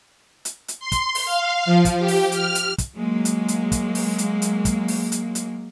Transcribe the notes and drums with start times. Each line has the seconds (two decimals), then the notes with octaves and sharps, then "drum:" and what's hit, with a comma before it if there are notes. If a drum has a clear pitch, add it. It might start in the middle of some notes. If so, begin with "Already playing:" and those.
0.45 drum: hi-hat
0.68 drum: hi-hat
0.79 C6
0.92 drum: kick, hi-hat
1.15 drum: open hi-hat
1.25 F5
1.65 F3
1.85 drum: kick, hi-hat
1.99 G4
2.08 drum: open hi-hat
2.32 F6, drum: hi-hat
2.55 drum: hi-hat
2.78 drum: kick, hi-hat
2.95 F#3 G#3 A#3
3.25 drum: hi-hat
3.48 drum: hi-hat
3.72 drum: kick, hi-hat
3.95 drum: open hi-hat
4.18 drum: hi-hat
4.42 drum: hi-hat
4.65 drum: kick, hi-hat
4.88 drum: open hi-hat
5.12 drum: hi-hat
5.35 drum: hi-hat